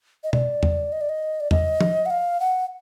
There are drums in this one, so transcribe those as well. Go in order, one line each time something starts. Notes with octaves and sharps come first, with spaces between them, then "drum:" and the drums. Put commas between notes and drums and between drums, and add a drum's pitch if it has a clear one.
D#5
D5, drum: tom B2
drum: tom E2
D#5
D5
D#5
D5
D#5, drum: tom E2
drum: tom
F#5
F5
F#5